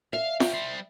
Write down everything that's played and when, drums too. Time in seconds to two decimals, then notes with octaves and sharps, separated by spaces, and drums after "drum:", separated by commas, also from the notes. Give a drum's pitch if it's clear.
0.13 E5 F5
0.40 C#4 G4, drum: snare F4
0.54 G3 C5